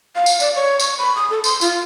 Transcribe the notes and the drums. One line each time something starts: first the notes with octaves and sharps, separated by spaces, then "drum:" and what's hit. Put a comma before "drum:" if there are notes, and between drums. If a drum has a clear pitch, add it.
F5
drum: tambourine
D5, drum: tambourine
C#5
C#6, drum: tambourine
B5
D#6
A4
C6, drum: tambourine
F4, drum: tambourine